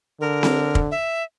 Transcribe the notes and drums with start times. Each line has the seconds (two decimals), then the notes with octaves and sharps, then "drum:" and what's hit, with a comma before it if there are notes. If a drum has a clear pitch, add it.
0.21 D3 A#4
0.43 drum: snare C4
0.75 drum: kick
0.91 E5